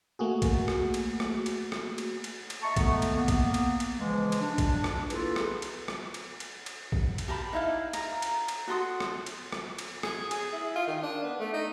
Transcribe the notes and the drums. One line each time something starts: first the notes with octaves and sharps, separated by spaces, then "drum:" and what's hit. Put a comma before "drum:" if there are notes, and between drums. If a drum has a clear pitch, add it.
A3 A#3 F#4 G#4
drum: kick A#1, cymbal
drum: rim click
drum: cymbal
drum: rim click
drum: cymbal
drum: rim click
drum: cymbal
drum: cymbal
drum: cymbal
D#5 E5 A5 A#5 C#6
D3 G#3 A3 B3, drum: kick A#1, cymbal
drum: cymbal
A#3 B3
drum: kick A#1, cymbal
drum: cymbal
drum: cymbal
C#3 E3 F3 G#3
drum: cymbal
D4
drum: kick A#1, cymbal
drum: rim click
A#3 E4 F4 G#4 A4 B4, drum: cymbal
drum: rim click
drum: cymbal
drum: rim click
drum: cymbal
drum: cymbal
drum: cymbal
drum: kick A#1
drum: cymbal
G4 A#4 A5 B5
D#4 E4 F5
A#5, drum: cymbal
drum: cymbal
drum: cymbal
F#4 A4 C6 D#6
drum: rim click
drum: cymbal
drum: rim click
drum: cymbal
G#4, drum: rim click
G#4, drum: cymbal
E4
F4
D#3
D4
B3
A3
D#4